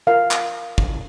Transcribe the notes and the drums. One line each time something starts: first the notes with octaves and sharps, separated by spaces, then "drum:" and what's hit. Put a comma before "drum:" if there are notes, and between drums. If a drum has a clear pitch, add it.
F4 A#4 F5
drum: clap
drum: kick